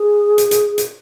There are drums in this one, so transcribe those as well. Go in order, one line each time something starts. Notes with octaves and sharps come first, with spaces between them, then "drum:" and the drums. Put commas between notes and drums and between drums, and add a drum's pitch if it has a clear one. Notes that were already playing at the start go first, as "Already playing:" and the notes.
Already playing: G#4
drum: hi-hat
drum: hi-hat
drum: hi-hat